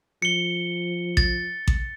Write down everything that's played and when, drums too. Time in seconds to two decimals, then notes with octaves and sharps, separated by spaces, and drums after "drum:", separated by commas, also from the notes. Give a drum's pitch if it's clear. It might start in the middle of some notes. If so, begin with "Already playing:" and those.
0.22 F3 C#7 G7
1.17 A6, drum: kick A1
1.68 drum: kick A1